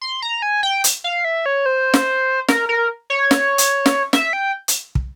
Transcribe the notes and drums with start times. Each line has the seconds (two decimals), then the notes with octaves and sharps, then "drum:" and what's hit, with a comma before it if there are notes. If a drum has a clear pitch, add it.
0.01 C6
0.22 A#5
0.42 G#5
0.63 G5
0.84 drum: hi-hat
1.04 F5
1.25 E5
1.46 C#5
1.66 C5
1.94 drum: snare
2.48 A#4, drum: snare
2.69 A#4
3.10 C#5
3.31 drum: snare
3.58 drum: hi-hat
3.86 drum: snare
4.13 E5, drum: snare
4.33 G5
4.68 drum: hi-hat
4.95 drum: kick